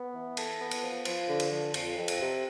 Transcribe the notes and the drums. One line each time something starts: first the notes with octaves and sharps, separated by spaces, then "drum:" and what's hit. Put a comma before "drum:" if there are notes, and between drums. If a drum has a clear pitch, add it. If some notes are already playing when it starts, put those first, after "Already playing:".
Already playing: B3
E3
A4, drum: cymbal
B3
drum: cymbal
F3
F3, drum: cymbal
D3
drum: cymbal
F3
F2, drum: cymbal
F2
drum: cymbal
C3